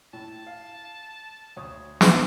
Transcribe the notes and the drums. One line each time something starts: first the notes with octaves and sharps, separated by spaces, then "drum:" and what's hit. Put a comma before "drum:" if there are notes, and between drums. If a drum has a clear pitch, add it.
A2 A5
F5
D2 C#5 D#6
drum: snare